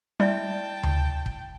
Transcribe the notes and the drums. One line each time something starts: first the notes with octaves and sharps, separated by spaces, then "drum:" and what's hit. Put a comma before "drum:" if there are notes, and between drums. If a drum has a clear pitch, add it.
G3 E4 D5 E5 G5 A5
drum: tom D2
drum: kick